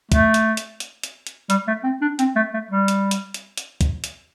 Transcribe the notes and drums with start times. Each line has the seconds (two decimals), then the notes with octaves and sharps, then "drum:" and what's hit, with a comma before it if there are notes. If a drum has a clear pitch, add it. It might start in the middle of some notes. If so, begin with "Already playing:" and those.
0.12 A3, drum: kick, hi-hat
0.34 drum: hi-hat
0.57 drum: hi-hat
0.80 drum: hi-hat
1.03 drum: hi-hat
1.27 drum: hi-hat
1.50 G3, drum: hi-hat
1.67 A3
1.84 C4
2.02 D4
2.19 C4, drum: hi-hat
2.36 A3
2.54 A3
2.71 G3
2.88 drum: hi-hat
3.11 drum: hi-hat
3.34 drum: hi-hat
3.58 drum: hi-hat
3.81 drum: kick, hi-hat
4.04 drum: hi-hat